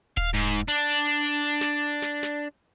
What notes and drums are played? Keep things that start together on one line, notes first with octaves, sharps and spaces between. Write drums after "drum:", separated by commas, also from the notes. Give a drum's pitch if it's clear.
F5, drum: kick D#1
G#2
D4
drum: snare
drum: snare
drum: snare